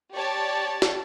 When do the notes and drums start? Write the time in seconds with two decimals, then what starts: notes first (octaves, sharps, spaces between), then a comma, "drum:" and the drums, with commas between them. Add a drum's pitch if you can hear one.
0.14 G4 C#5 D5 A5
0.82 drum: snare